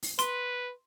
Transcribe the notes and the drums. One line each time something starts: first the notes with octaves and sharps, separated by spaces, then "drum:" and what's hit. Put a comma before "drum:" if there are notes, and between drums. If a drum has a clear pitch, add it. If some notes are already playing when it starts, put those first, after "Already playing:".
drum: open hi-hat
B4 C6, drum: hi-hat